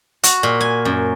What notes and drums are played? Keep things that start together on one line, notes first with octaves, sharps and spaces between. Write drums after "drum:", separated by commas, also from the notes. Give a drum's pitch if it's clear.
F#4, drum: hi-hat
A#2
G#5
F#2